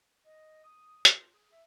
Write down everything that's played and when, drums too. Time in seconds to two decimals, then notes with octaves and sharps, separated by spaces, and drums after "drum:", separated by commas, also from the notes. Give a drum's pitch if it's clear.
0.25 D#5
0.64 D#6
1.05 D#3, drum: hi-hat
1.18 F4
1.34 G#4
1.52 E5